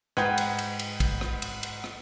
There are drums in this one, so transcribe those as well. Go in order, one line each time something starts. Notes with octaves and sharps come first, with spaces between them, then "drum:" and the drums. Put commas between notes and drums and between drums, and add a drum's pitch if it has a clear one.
G#2 B4 F#5 G5 G6 G#6, drum: rim click
drum: cymbal
drum: cymbal
drum: cymbal
drum: kick, cymbal
drum: rim click
drum: cymbal
drum: cymbal
drum: rim click